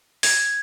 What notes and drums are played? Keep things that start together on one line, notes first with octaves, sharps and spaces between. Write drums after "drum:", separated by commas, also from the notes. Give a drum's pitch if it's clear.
G#6, drum: open hi-hat